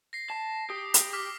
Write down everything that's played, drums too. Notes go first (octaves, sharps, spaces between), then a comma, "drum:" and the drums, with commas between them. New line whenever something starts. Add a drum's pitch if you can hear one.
A#6 C7
A5
G4 D#6
drum: hi-hat
D6 F6 B6